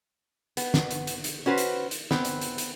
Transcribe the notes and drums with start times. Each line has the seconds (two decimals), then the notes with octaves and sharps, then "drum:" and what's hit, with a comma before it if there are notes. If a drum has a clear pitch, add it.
0.57 B3, drum: hi-hat
0.74 drum: snare
0.91 drum: hi-hat
1.07 drum: hi-hat
1.24 drum: hi-hat
1.46 C#4 F#4 B4 C5
1.58 drum: hi-hat
1.91 drum: hi-hat
2.11 B3 C4, drum: snare
2.25 drum: hi-hat
2.41 drum: hi-hat
2.58 drum: hi-hat